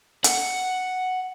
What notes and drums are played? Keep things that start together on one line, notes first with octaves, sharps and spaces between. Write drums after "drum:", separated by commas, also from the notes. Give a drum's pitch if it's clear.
F#5, drum: hi-hat